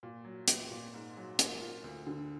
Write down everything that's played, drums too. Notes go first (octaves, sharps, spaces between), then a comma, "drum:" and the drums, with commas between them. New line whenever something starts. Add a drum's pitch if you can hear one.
A#2
F#3
B3, drum: hi-hat
A#2
G#2
F#3
A#3, drum: hi-hat
F4
D2
D3